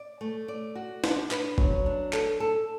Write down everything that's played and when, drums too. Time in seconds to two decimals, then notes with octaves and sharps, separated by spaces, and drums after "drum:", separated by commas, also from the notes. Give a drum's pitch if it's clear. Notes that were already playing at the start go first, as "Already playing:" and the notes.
Already playing: D5
0.21 A3
0.48 D5
0.75 F#4
1.04 D4, drum: snare
1.31 B4, drum: clap
1.58 F#3, drum: kick
1.86 D4
2.13 A4, drum: clap
2.40 A4